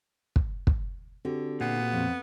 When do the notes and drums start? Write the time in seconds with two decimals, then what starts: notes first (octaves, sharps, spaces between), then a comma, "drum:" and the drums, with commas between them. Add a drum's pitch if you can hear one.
0.36 drum: kick
0.67 drum: kick
1.25 D3 C4 F#4 G4
1.61 A#2 B3
1.92 F2